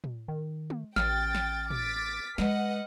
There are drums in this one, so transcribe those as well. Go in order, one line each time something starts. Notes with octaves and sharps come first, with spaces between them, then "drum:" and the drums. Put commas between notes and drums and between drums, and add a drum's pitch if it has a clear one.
drum: tom
D#3
drum: tom
A1 G5 F6 A6, drum: snare
drum: snare
D6 A6 B6, drum: tom
G#3 B4 D#5 F#5, drum: snare